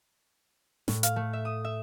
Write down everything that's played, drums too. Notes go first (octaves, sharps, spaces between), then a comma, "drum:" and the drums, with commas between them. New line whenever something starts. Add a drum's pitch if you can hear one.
A2, drum: snare
F5, drum: hi-hat
A3
E5
D#6
E5